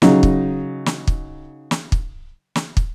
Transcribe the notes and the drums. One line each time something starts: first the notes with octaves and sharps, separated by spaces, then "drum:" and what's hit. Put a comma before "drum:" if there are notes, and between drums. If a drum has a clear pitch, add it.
C#3 F#3 D#4, drum: snare
drum: kick
drum: snare
drum: kick
drum: snare
drum: kick
drum: snare
drum: kick